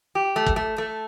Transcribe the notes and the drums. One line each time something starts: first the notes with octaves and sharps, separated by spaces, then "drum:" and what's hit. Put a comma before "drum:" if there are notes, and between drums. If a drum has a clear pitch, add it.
G4
A3
drum: kick
A3
A3